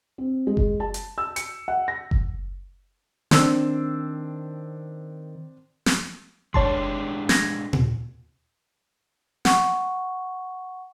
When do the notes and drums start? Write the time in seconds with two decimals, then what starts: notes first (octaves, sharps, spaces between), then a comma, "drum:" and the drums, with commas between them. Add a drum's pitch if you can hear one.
0.18 C4
0.47 G#3
0.57 drum: kick F#1
0.80 A5
0.94 drum: hi-hat
1.18 E6
1.36 C#7, drum: hi-hat
1.68 F#5
1.88 A#6
2.11 drum: kick F#1
3.31 D#3 C4 D4 E6, drum: snare
5.86 drum: snare
6.54 G#3 D4 G4 C#5 A5 C6, drum: kick F#1
7.29 G#6 A#6, drum: snare
7.73 drum: tom A#2
9.45 F#5 C#6, drum: snare